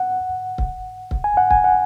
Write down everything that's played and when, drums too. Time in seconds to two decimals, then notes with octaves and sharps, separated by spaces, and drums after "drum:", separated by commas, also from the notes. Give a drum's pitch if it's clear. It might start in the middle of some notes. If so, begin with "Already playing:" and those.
Already playing: F#5
0.58 drum: kick C#1
1.11 drum: kick C#1
1.24 G#5
1.37 F#5
1.51 G#5, drum: kick C#1
1.64 F#5